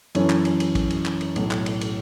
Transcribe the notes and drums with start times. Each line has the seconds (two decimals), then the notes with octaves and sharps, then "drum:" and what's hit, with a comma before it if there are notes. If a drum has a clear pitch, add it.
0.15 F#2 E3 C#4 A4 C#5, drum: cymbal
0.30 drum: clap
0.45 drum: cymbal
0.60 drum: cymbal
0.75 drum: kick, cymbal
0.90 drum: cymbal
1.06 drum: clap
1.21 drum: cymbal
1.36 B1 A2 A3, drum: cymbal
1.51 drum: clap
1.66 drum: cymbal
1.81 drum: cymbal